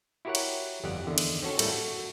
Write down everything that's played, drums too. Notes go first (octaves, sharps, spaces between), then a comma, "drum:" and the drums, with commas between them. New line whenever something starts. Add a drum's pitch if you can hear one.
E4 F#4 G4 A#4 C#5 F#5
drum: cymbal
G1 F2 G4 D5 F#5
E2 D3 D#3
drum: cymbal
C4 C#4 F#4 A4
A2 G3 A3 A#3 A4, drum: cymbal
F#4